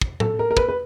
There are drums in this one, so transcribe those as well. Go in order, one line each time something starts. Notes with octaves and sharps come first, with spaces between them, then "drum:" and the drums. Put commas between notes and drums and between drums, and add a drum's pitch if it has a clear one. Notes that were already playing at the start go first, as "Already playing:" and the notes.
drum: kick
A4, drum: tom A2
A#4
A#4
B4, drum: kick
B4